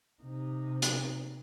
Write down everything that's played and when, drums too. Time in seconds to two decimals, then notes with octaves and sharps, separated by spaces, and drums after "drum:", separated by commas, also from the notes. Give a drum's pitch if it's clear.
0.23 C3 D#4
0.82 drum: hi-hat